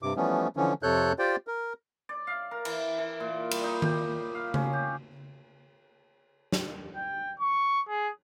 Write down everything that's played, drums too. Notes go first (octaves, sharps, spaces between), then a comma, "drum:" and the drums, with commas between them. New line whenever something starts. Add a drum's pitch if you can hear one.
G2 C3 D6
E3 F3 G3 A3 B3 C#4
D3 E3 F3 C#4
F2 C3 A4 C#5 F#6 G6
F4 G4 C5 D5 G5
A#4
D5
F5
A#4
E3, drum: cymbal
E3
A#2
G3, drum: cymbal
D#4
G4, drum: tom D#3
F5
C#4, drum: tom C#3
G4
drum: snare
G5
C#6
G#4